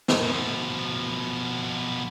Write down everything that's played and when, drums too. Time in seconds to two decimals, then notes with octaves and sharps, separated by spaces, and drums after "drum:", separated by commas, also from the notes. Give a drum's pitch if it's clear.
0.08 drum: snare
0.23 B2 F3